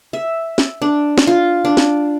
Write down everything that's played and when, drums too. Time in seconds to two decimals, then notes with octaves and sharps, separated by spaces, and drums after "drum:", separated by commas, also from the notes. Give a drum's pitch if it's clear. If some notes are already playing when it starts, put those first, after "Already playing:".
0.13 E5
0.58 drum: snare
0.82 D4
1.18 drum: snare
1.27 F4
1.65 D4
1.77 drum: snare